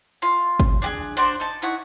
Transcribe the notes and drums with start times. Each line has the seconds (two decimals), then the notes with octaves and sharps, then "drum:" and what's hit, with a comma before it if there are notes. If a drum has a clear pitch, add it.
0.22 F4
0.60 drum: kick
0.82 D4 G4 G#4
1.17 D4 F#4 C5 D5, drum: hi-hat
1.40 D#4 A5
1.62 D#4 E4 F#5 C#6